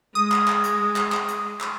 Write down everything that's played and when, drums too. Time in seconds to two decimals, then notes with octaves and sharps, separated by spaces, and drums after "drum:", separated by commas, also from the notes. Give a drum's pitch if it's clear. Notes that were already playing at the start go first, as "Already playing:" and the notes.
0.15 G#3 D#6
0.31 drum: clap
0.48 drum: clap
0.64 drum: hi-hat
0.96 drum: clap
1.12 drum: clap
1.28 drum: hi-hat
1.61 drum: clap